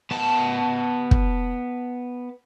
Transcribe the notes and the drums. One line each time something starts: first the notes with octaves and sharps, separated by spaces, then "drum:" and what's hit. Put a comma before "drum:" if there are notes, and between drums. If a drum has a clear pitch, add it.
B3 A5
drum: kick